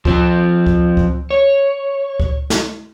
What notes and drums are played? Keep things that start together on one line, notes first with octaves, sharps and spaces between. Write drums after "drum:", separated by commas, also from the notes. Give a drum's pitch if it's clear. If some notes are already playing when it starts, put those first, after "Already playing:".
F3 C4, drum: kick C#2
drum: kick C#2
drum: kick C#2
C#5
drum: kick C#2
drum: snare